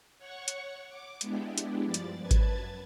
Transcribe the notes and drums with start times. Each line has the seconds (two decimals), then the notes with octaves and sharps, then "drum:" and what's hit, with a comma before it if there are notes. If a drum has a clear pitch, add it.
0.18 C#5 F#5 C#6
0.48 drum: hi-hat
0.89 D6
1.21 G#3 B3 D4 E4 G4, drum: hi-hat
1.58 drum: hi-hat
1.84 G2 F3 D5 A6
1.94 drum: hi-hat
2.20 F#2 B4 A5 G#6 A6
2.31 drum: kick G#1, hi-hat